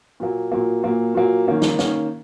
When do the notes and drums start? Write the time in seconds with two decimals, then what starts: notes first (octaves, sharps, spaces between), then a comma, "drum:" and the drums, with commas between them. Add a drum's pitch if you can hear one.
0.20 A#2 F#3 A#3
0.52 A#2 F#3 A#3
0.83 A#2 F#3 A#3
1.15 A#2 F#3 A#3
1.47 D#3 A#3 C#4
1.62 drum: snare
1.79 D#3 A#3 C#4, drum: snare